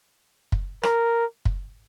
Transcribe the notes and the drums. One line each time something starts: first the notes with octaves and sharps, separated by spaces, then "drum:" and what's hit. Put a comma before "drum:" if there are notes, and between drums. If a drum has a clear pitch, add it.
drum: kick
A#4, drum: rim click
drum: kick